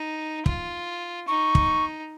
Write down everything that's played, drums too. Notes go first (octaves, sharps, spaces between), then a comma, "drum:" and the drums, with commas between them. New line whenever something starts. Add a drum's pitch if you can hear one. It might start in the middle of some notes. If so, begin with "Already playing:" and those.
Already playing: D#4
F4, drum: kick
D#4 C#6
drum: kick